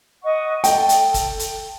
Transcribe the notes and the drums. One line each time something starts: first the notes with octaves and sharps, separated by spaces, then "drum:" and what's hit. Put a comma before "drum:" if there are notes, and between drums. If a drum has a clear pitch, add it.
D#5 F#5 C#6
A4 G5, drum: hi-hat
drum: hi-hat
drum: kick, hi-hat
drum: hi-hat